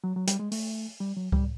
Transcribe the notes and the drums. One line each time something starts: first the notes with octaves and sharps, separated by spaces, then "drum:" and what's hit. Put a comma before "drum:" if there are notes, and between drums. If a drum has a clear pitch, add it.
F#3
F#3
G3, drum: hi-hat
G#3
A3, drum: open hi-hat
G3
F#3
G3, drum: kick C#2